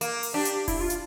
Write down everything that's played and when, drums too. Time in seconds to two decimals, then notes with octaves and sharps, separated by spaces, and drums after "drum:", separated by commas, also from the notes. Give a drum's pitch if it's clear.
0.01 A#3, drum: hi-hat
0.23 drum: open hi-hat
0.34 D4 G4
0.45 drum: hi-hat
0.68 E4, drum: kick E1, open hi-hat
0.81 F4
0.90 drum: hi-hat